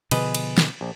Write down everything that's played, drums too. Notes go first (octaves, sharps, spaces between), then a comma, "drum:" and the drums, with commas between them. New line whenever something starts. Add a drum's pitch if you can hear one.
B2 D3 F3 G#4 B4 D#5, drum: cymbal
drum: cymbal
drum: snare
A#1